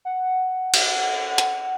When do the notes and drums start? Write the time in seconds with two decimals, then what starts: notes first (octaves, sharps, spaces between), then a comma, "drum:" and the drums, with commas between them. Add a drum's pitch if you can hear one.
0.05 F#5
0.74 drum: cymbal
1.38 drum: hi-hat